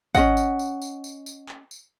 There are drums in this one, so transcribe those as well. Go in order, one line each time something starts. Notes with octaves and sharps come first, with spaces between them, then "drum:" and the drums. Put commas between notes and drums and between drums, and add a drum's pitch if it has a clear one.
C#4 F#4 D#5 F#5, drum: kick, tambourine
drum: tambourine
drum: tambourine
drum: tambourine
drum: tambourine
drum: tambourine
drum: clap
drum: tambourine